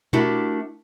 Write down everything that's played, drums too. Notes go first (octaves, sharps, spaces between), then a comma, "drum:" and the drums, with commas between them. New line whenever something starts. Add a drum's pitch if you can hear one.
A3 D4 E4 F#4 G4 A#4, drum: tom B2